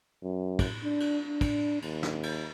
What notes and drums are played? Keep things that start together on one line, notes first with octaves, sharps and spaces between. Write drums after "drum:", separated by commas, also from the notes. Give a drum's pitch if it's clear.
F#2
drum: kick, cymbal
D4
drum: cymbal
D4
drum: kick, cymbal
D#2, drum: cymbal
drum: snare
drum: cymbal